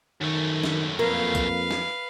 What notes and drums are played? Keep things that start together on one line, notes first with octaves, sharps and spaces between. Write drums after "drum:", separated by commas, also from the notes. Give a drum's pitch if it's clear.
F#2 D#3 A3
drum: snare
F2 A#3 B4 F5
drum: kick, hi-hat
drum: snare